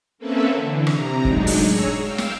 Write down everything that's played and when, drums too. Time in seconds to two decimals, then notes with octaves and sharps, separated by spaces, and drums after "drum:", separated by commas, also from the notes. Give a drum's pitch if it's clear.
0.18 A#3 C4 C#4 A4 B4 E5
0.51 D3 E3
0.87 C3 A#5, drum: rim click
1.25 A2 F#3 G#3 D4 D#4, drum: kick
1.47 drum: open hi-hat
1.66 G#4 C#5 A#5 E6
2.00 F5 G5 E6
2.18 drum: snare